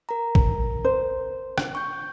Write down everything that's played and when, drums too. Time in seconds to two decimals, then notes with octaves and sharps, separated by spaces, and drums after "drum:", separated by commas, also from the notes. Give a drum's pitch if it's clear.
0.09 A#4 A#5
0.35 drum: kick
0.85 C5
1.58 drum: rim click
1.75 C#6 G6